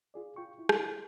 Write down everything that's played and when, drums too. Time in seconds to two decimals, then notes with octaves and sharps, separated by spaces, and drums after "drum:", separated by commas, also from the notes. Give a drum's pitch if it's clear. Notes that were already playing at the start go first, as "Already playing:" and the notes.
0.14 F4 G#4 D5
0.36 F4 G5 C#6
0.59 E4
0.69 drum: rim click